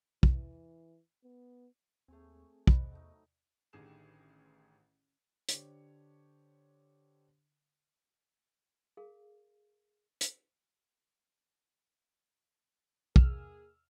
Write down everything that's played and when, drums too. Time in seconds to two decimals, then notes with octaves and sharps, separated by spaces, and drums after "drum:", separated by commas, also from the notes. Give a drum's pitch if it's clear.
0.23 E3, drum: kick
1.24 B3
2.08 D#2 A3 C4 G#4 C#5 G#5
2.67 F1 C5 D#5 B5, drum: kick
2.91 E2 F#3 A3 D#4
3.73 A1 D3 D#3 G4 G#4 E7
5.49 D3 D4 G4 C5 C#5, drum: hi-hat
8.97 G#4 A#4 F5
10.21 drum: hi-hat
13.16 A#3 G#4 E6 F6, drum: kick